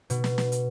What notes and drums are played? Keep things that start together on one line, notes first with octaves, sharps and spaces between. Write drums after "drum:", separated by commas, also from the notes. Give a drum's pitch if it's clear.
B2, drum: hi-hat
drum: snare
drum: snare
drum: hi-hat